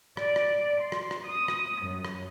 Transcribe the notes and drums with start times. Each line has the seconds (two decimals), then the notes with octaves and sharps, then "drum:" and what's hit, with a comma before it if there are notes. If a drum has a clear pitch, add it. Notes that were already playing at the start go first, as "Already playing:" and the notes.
0.17 D5, drum: rim click
0.36 drum: rim click
0.80 C6
0.92 drum: rim click
1.11 drum: rim click
1.24 D#6
1.48 drum: rim click
1.80 F#2
2.05 drum: rim click